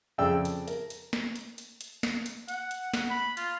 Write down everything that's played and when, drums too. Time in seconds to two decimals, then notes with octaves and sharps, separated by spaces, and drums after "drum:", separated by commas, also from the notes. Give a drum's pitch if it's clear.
0.18 F2 C#3 D5 G5 E6
0.45 drum: hi-hat
0.68 A#4, drum: hi-hat
0.90 drum: hi-hat
1.13 drum: snare
1.36 drum: hi-hat
1.58 drum: hi-hat
1.81 drum: hi-hat
2.03 drum: snare
2.26 drum: hi-hat
2.48 F#5, drum: hi-hat
2.71 drum: hi-hat
2.94 drum: snare
3.10 B5
3.37 F4, drum: hi-hat